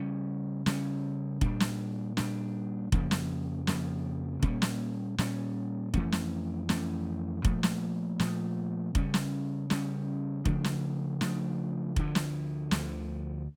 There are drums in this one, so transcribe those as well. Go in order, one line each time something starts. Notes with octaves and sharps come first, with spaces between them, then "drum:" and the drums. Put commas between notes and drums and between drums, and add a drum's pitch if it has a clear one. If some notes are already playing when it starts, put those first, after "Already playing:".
Already playing: C#3 G3 C#4
C#3 G3 C#4, drum: snare
A#2 G3 D4, drum: kick F1
drum: snare
A#2 G3 D4, drum: snare
F2 C#3 F3 A#3, drum: kick F1
drum: snare
F2 C#3 F3 A#3, drum: snare
A#2 G3 A#3 C#4, drum: kick F1
drum: snare
A#2 G3 A#3 C#4, drum: snare
F2 E3 A3 C#4, drum: kick F1
drum: snare
F2 E3 A3 C#4, drum: snare
A#2 F3 A3, drum: kick F1
drum: snare
A#2 F3 A3, drum: snare
C#3 G3 C#4, drum: kick F1
drum: snare
C#3 G3 C#4, drum: snare
C#3 F3 A3 D4, drum: kick F1
drum: snare
C#3 F3 A3 D4, drum: snare
D2 D3 F3, drum: kick F1
drum: snare
D2 D3 F3, drum: snare